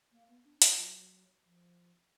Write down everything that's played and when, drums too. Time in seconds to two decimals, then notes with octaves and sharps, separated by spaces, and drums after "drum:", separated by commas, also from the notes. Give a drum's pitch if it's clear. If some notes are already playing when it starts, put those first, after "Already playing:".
0.11 A#3
0.27 B3
0.44 D4
0.62 F4, drum: hi-hat
0.77 F#3
1.45 F3